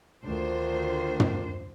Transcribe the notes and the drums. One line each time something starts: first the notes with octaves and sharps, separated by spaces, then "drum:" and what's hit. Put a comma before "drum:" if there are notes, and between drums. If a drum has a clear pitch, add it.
D2 D#3 D4 F4 C5
drum: tom